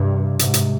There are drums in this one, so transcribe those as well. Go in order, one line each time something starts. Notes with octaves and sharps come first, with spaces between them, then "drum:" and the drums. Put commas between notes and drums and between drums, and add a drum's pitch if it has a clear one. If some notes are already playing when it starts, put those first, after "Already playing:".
Already playing: G2 C3
G#2 C3, drum: hi-hat
drum: hi-hat